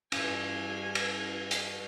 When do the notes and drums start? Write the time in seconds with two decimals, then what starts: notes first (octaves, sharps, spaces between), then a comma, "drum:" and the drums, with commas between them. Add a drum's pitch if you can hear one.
0.12 G2 E3 C#4 E4 F4 G#5, drum: cymbal
0.95 drum: cymbal
1.51 drum: hi-hat